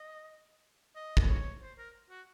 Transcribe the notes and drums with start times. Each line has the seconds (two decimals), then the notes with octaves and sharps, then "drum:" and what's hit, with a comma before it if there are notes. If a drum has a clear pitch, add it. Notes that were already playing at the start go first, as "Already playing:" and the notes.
Already playing: D#5
0.96 D#5
1.17 drum: kick
1.29 C#5
1.61 C5
1.78 A#4
2.10 F#4